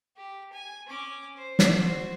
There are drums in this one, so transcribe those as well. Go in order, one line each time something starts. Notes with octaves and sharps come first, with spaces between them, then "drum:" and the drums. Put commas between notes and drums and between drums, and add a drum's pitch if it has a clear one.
G4
G#5
C#4 D6
C5
drum: snare
F#4 C5